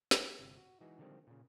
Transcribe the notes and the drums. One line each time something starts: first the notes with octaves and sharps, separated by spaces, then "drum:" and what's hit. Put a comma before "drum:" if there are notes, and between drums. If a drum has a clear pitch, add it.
F#4 G4 A4 D5 D#5, drum: snare
G1 C3
F#4
E3 G#3 D#4 F#4 G#4
D3 D#3 F3 G3 G#3 C4
A#2 C#3